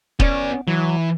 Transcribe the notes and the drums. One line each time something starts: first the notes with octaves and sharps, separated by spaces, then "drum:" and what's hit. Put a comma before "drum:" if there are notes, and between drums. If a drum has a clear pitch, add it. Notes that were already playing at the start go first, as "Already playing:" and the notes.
B3 C#4 D5, drum: kick
E3 F#3